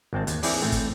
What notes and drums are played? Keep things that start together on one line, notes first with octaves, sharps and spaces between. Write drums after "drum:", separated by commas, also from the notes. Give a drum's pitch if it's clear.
G#1 G#3 C4 A5
D#2, drum: hi-hat
D#3 E3 C4 E4 G#4 D5, drum: open hi-hat
A2 A3 C4
drum: kick, hi-hat